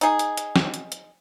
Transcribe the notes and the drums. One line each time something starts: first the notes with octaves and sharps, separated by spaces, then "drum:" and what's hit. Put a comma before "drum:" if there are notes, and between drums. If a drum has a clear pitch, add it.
D#4 G#4, drum: hi-hat
drum: hi-hat
drum: hi-hat
drum: snare
drum: hi-hat
drum: hi-hat